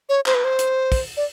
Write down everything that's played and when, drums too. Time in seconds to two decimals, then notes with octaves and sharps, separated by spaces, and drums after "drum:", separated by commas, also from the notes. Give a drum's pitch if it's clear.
0.09 C#5
0.26 C5, drum: clap
0.34 B4
0.44 C5
0.59 drum: hi-hat
0.92 drum: kick, open hi-hat
1.17 D5